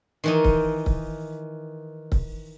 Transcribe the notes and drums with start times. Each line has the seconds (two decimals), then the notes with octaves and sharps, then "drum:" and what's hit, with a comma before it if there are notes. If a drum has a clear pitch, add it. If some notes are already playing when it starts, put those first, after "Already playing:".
0.24 D#3 E3 D#4
0.44 drum: kick C#1
0.86 drum: kick C#1
2.12 drum: kick C#1